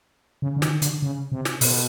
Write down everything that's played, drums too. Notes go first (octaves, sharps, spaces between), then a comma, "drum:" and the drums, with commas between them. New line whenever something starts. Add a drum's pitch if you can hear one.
C#3
D3
D#3, drum: snare
D3, drum: hi-hat
C#3
C3
drum: snare
B2, drum: open hi-hat